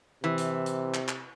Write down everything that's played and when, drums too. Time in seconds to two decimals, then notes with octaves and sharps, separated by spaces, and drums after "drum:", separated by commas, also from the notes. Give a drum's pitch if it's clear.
0.24 C3 E3
0.38 drum: hi-hat
0.66 drum: hi-hat
0.94 drum: clap
1.08 drum: clap